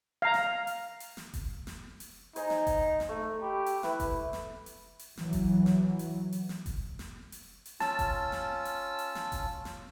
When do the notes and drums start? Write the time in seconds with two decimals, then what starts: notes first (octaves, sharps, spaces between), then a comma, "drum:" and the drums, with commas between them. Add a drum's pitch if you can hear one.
0.22 F5 A#5
0.34 drum: snare
0.67 drum: open hi-hat
1.00 drum: open hi-hat
1.17 drum: snare
1.34 drum: kick F1, open hi-hat
1.67 drum: snare
2.00 drum: open hi-hat
2.36 D#4 C5 G#5, drum: open hi-hat
2.50 drum: snare
2.67 drum: kick F1, open hi-hat
3.00 drum: snare
3.09 A3
3.42 G4 B5
3.66 drum: open hi-hat
3.83 E4 B4, drum: snare
4.00 drum: kick F1, open hi-hat
4.33 drum: snare
4.66 drum: open hi-hat
4.99 drum: open hi-hat
5.17 E3 F#3, drum: snare
5.33 drum: kick F1, open hi-hat
5.66 drum: snare
5.99 drum: open hi-hat
6.33 drum: open hi-hat
6.49 drum: snare
6.66 drum: kick F1, open hi-hat
6.99 drum: snare
7.32 drum: open hi-hat
7.66 drum: open hi-hat
7.80 C#4 F4 A5 E6, drum: snare
7.99 drum: kick F1, open hi-hat
8.32 drum: snare
8.65 drum: open hi-hat
8.99 drum: open hi-hat
9.15 drum: snare
9.32 drum: kick F1, open hi-hat
9.65 drum: snare